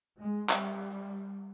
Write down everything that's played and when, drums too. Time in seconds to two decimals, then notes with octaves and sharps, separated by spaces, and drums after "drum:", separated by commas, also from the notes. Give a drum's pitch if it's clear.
0.19 G#3
0.49 G3, drum: clap